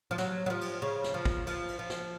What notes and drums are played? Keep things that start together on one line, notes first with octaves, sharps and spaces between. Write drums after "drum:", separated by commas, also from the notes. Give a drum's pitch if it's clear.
F3
F#3, drum: snare
F#3
F3
drum: cymbal
C#3
drum: snare
F3
drum: kick
F3, drum: cymbal
drum: cymbal
F3
drum: snare